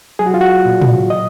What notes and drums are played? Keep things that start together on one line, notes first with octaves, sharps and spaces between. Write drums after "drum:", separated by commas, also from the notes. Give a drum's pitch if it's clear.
F#3 G#4
F#4
F4
F#4
A#2
drum: tom A2
D#5